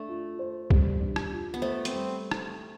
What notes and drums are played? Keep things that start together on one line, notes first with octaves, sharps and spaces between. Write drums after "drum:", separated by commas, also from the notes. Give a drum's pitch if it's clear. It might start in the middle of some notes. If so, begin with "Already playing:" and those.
Already playing: A3 D4
F4
C5
G3, drum: kick
D4
drum: rim click
F4
B3
A3 C5
C4, drum: hi-hat
G3
drum: rim click